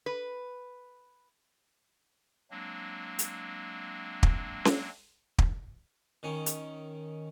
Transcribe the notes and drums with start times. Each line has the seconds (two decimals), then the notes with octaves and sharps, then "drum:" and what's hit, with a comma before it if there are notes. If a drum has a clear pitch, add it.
0.06 B4
2.51 F#3 G#3 A#3 C4 D4
3.19 drum: hi-hat
4.23 drum: kick
4.65 drum: snare C#4
5.38 drum: kick
6.23 D#3 C#4
6.46 drum: hi-hat